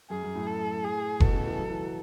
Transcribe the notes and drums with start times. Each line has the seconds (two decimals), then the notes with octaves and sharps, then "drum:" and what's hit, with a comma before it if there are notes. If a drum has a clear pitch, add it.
0.10 F#2 G#4
0.23 F#2
0.35 A2
0.47 A4
0.84 G#4
1.20 B2 A4, drum: kick F1
1.33 C#3
1.46 E3
1.57 F#3
1.69 E3
1.80 F#3